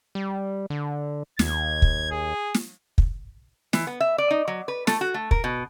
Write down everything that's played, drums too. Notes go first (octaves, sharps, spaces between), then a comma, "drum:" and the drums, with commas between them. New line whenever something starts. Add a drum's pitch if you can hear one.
G3
D3
D#2 G#6, drum: snare
drum: kick
G#4
drum: snare
drum: kick
E3, drum: snare
B3
E5
D5
D#4
F#3
B4
A3, drum: snare
F#4
A3
A#4, drum: kick
B2